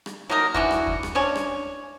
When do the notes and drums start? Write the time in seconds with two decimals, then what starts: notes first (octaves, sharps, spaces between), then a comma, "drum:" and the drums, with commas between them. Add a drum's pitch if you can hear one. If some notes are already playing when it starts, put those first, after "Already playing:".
0.06 drum: rim click
0.30 F#3 A#3 D#4 A#4
0.54 E3 D4 F#4, drum: kick
0.71 drum: rim click
0.87 drum: kick
1.03 drum: rim click
1.15 C#4 D4 C#5
1.36 drum: rim click